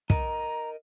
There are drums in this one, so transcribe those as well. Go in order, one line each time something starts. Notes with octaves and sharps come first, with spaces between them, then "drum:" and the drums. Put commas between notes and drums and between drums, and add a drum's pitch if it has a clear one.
A#4 D#5 A#5, drum: kick